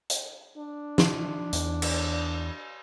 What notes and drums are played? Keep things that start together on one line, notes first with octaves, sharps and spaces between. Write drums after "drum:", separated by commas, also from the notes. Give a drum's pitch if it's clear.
drum: hi-hat
D4
drum: snare
E2, drum: hi-hat
drum: cymbal